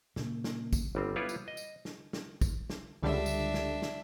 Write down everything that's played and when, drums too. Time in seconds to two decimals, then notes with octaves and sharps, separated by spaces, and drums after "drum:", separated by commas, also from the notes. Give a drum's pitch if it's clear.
0.16 A#2 C#3 A#3, drum: snare
0.44 drum: snare
0.73 drum: kick, tambourine
0.95 G1 G3 C4
1.16 G3 B3 E4 F4 B4 C#5
1.29 drum: tambourine
1.48 D#5
1.57 drum: tambourine
1.85 drum: snare
2.13 drum: snare
2.41 drum: kick, tambourine
2.70 drum: snare
3.03 C#2 D3 G3 D4 E5
3.26 drum: tambourine
3.54 drum: snare
3.82 drum: snare